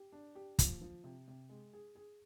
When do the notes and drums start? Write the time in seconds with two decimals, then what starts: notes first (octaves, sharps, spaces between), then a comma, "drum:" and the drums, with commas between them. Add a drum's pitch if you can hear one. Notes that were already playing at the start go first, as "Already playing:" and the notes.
Already playing: G4
0.12 D4
0.35 G4
0.59 F3, drum: kick, hi-hat
0.81 F3
1.04 C3
1.28 C3
1.50 G#3
1.73 G#4
1.95 G#4